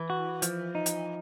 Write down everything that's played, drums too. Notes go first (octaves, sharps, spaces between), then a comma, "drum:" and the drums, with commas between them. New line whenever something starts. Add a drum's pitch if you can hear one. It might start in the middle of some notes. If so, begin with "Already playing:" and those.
Already playing: E3
F#4
F3, drum: hi-hat
D#4
drum: hi-hat